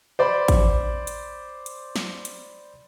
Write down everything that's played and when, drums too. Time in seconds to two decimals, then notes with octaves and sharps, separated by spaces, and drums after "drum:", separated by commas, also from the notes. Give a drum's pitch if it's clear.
0.19 C5 D5 B5
0.48 drum: kick A1, hi-hat
1.07 drum: hi-hat
1.66 drum: hi-hat
1.96 drum: snare
2.25 drum: hi-hat